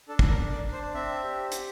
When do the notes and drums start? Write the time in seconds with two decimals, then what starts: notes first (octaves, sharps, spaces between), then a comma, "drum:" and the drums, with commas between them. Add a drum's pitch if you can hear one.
0.08 D4 A4
0.19 drum: kick
0.30 A#4
0.37 D4
0.51 D5
0.65 D4
0.72 C5
0.94 C4 E5
1.24 G4
1.52 G4, drum: hi-hat